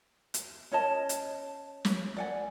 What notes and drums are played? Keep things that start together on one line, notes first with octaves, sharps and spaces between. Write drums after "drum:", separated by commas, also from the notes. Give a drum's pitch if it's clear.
drum: hi-hat
C#4 C#5 D#5 A5
drum: hi-hat
drum: snare
D5 F#5 G#5